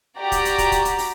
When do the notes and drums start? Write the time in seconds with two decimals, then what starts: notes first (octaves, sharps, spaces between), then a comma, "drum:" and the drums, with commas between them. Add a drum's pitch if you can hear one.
0.18 F#4 G4 D5 A#5
0.32 drum: kick, hi-hat
0.45 drum: hi-hat
0.58 drum: kick, hi-hat
0.72 drum: kick, hi-hat
0.85 drum: hi-hat
0.98 drum: open hi-hat